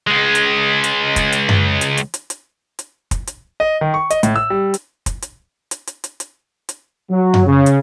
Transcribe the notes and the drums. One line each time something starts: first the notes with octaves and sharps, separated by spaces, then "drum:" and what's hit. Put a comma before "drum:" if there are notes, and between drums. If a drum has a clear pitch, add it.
C#2 G#3
drum: hi-hat
drum: hi-hat
drum: kick, hi-hat
drum: hi-hat
drum: tom F#2
drum: hi-hat
drum: hi-hat
drum: hi-hat
drum: hi-hat
drum: hi-hat
drum: kick, hi-hat
drum: hi-hat
D#5
D#3
C#6
D#5, drum: hi-hat
A2, drum: hi-hat
E6
G3
drum: hi-hat
drum: kick, hi-hat
drum: hi-hat
drum: hi-hat
drum: hi-hat
drum: hi-hat
drum: hi-hat
drum: hi-hat
F#3
drum: tom F#2
C#3
drum: hi-hat